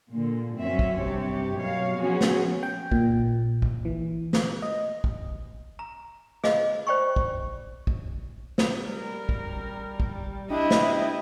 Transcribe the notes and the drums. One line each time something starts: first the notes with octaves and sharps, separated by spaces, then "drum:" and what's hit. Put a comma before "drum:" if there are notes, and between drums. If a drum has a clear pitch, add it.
A#2 D3
F#2 F#3 C4 C#4 E5
drum: kick
G2 C3 G4 C#5
F#2 B2 C#5 F5
F3 F#3 B3 C#4 F#4 G#4
drum: snare
G5
A#2, drum: kick
drum: kick
E3
drum: snare
D#5
drum: kick
A#5
G#4 D#5 F5, drum: snare
C5 D5 G5 B5 C#6
drum: kick
drum: kick
drum: snare
G3 A#4
drum: kick
drum: kick
D4 E4 G4 D#5
drum: snare